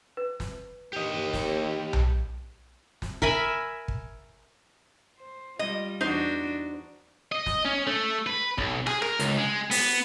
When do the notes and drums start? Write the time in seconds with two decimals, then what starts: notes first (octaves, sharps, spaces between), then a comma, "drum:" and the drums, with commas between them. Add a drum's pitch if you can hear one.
0.17 B4
0.40 drum: snare
0.93 D#2 G4 D#5
1.33 drum: snare
1.93 drum: tom B1
3.02 drum: snare
3.22 A#4 E5 G#5 B5, drum: kick
3.88 drum: kick
5.18 C5
5.59 G3 F4 D#5
6.01 E2 D4 D#4 F#4 C5
7.32 D#5
7.46 drum: snare
7.65 C#4
7.87 A3
8.26 B4
8.58 B1, drum: kick
8.87 G#4, drum: rim click
9.02 A#4, drum: rim click
9.19 C#2, drum: hi-hat
9.37 G#3
9.71 B3, drum: open hi-hat